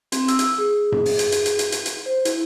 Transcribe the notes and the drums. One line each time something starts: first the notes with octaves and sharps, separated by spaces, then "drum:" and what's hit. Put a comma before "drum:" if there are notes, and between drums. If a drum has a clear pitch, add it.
C4, drum: hi-hat
E6, drum: hi-hat
drum: hi-hat
G#4
drum: tom F#2
drum: open hi-hat
drum: hi-hat
drum: hi-hat
drum: hi-hat
drum: hi-hat
drum: hi-hat
drum: hi-hat
C5
E4, drum: hi-hat